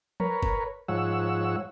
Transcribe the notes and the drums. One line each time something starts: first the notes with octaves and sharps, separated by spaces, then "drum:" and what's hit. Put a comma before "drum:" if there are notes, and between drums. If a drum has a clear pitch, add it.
A#4 B4 C#5, drum: tom
drum: kick F#1
G#2 F3 C#5 F#5 E6